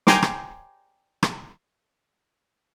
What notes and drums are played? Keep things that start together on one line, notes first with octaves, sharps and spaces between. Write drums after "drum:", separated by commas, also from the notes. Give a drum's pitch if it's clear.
G5 G#5 A#5 C6 D6, drum: snare
drum: rim click
drum: rim click